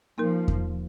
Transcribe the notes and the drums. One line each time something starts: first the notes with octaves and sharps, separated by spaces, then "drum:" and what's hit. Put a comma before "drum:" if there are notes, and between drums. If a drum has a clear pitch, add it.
F3 A#3 D#4 A#4
drum: kick E2